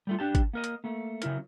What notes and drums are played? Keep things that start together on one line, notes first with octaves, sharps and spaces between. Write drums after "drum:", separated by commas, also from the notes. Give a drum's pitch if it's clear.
G3 A3 F4
D4 G4 A5
drum: kick, hi-hat
A#3 A#4 D#5
drum: hi-hat
A3 A#3
C#3 F#3 E4 A#4, drum: hi-hat